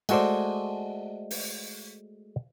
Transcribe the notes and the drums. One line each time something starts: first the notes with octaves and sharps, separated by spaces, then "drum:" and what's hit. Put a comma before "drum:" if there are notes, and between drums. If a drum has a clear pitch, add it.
G#3 A3 F#4 A4 C5 D5, drum: cymbal
drum: open hi-hat